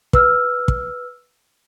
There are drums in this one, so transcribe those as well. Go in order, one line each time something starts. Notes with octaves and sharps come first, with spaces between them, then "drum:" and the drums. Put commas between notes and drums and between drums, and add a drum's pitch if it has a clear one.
B4 E6 F6, drum: kick
drum: kick